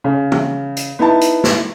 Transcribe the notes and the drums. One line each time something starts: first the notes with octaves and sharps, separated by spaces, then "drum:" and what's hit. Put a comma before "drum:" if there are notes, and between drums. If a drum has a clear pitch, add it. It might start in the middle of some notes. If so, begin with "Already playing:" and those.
C#3
drum: tom
drum: hi-hat
B3 D#4 E4 A5
drum: hi-hat
drum: snare